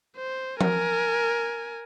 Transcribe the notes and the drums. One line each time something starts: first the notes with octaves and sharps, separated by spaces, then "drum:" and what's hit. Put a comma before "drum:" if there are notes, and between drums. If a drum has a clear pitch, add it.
C5
A#4 G#5, drum: tom F3